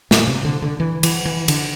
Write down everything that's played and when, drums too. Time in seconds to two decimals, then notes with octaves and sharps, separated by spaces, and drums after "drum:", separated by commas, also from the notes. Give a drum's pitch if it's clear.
0.11 A#2, drum: snare
0.28 C3
0.45 D3
0.62 D3
0.80 E3
1.03 E3, drum: cymbal
1.26 E3
1.48 D3, drum: cymbal